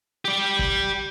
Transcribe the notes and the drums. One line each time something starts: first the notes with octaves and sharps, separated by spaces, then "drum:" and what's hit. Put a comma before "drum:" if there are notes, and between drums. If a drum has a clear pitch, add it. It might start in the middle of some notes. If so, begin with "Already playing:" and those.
G4 D5
drum: kick